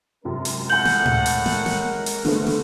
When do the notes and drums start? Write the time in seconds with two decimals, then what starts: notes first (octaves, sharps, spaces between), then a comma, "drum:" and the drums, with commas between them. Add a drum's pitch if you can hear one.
0.25 F#2 C3 G#3 C#4 A#4
0.45 drum: hi-hat
0.70 A2 F#5 G#5 G6 F#7
0.85 drum: snare
1.05 drum: tom A2
1.26 drum: hi-hat
1.46 drum: snare
1.66 drum: snare
2.06 drum: hi-hat
2.25 C2 D3 A3 B3, drum: snare
2.47 drum: snare